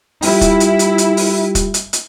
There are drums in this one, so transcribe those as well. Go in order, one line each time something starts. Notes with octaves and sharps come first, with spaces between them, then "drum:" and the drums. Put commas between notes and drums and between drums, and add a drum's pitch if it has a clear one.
G3 E4 F4 G4, drum: open hi-hat
drum: kick, hi-hat
drum: hi-hat
drum: hi-hat
drum: hi-hat
drum: open hi-hat
drum: kick, hi-hat
drum: hi-hat
drum: hi-hat